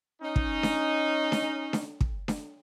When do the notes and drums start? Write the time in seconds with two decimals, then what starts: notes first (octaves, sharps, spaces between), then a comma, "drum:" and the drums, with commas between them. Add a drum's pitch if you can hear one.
0.22 C#4 D#4
0.36 drum: kick
0.63 drum: snare D4
1.32 drum: snare D4
1.73 drum: snare D4
2.01 drum: kick
2.28 drum: snare D4